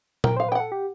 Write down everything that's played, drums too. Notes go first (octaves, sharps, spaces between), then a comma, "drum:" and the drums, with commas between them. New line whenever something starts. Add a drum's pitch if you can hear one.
A#4 G5, drum: tom A#2
C5 F5
B4 G5
A4 F#5
G4